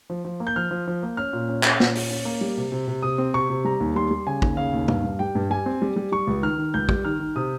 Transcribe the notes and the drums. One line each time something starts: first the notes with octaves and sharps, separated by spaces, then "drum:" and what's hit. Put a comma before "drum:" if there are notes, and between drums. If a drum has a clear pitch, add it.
F3
F3
A#3
G6
F3 F6
F3
F3
A#3
C#4 F6
A#2
C#4
C#4, drum: clap
A#2, drum: snare
C#4, drum: open hi-hat
C#4
A#3
G3
C3
C3
C3
C3 D#6
C4
C3 C#6
C3
G3 A#5
D#2
G3 C6
G3
C#3 G#5
D#2, drum: kick
C#3 F5
D#2
G2 F5, drum: tom
G2
G3 G5
G2
G3 G#5
C4
G3
G3
G3 C#6
C#2
D#3 F6
D#3
C#2 G6
G3, drum: kick
D#3 F6
D#3
C3 D#6